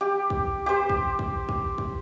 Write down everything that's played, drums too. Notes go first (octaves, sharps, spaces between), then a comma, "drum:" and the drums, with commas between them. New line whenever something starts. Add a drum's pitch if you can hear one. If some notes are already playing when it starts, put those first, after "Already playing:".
G4
drum: kick
G4 C5
drum: kick
drum: kick
drum: kick
drum: kick